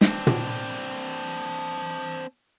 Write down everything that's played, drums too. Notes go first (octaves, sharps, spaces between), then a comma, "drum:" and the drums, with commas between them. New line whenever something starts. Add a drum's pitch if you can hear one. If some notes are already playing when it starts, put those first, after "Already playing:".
C4 D4, drum: snare
drum: tom